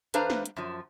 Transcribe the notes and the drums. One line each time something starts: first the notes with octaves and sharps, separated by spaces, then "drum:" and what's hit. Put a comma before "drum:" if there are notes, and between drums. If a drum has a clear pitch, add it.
E2 D4 B4 C5 F5 A#5, drum: hi-hat
drum: snare
drum: hi-hat
F#2 F3